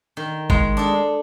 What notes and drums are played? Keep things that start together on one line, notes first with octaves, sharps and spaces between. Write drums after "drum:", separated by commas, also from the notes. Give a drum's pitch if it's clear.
D#3
G#3, drum: kick G#1
D4 A4